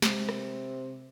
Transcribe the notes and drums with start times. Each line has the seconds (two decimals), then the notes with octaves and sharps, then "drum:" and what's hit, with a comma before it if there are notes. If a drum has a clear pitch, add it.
0.02 C3 G#3, drum: snare
0.29 drum: rim click